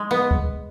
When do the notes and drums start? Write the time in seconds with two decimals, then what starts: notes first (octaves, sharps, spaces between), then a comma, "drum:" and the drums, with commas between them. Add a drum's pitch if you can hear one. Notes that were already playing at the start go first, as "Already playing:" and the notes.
Already playing: G#3
0.11 B3
0.31 drum: kick